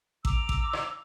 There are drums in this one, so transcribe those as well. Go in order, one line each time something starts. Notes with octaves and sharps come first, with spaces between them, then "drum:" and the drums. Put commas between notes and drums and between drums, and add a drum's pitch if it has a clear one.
A#5 D6 E6, drum: kick A1
drum: kick A1
drum: rim click